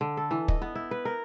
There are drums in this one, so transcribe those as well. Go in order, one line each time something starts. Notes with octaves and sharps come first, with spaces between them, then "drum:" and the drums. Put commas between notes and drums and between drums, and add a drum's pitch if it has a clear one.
D3
A4
E3
D#5, drum: kick
B3
E4
B4
A#4